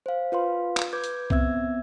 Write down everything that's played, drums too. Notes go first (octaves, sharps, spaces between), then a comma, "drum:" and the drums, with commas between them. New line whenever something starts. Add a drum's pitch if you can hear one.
C5 F5
F4 B4 F5 C6
drum: clap
B4 D6 G6 G#6
drum: hi-hat
B3 C4 E5 E6 G#6, drum: kick C2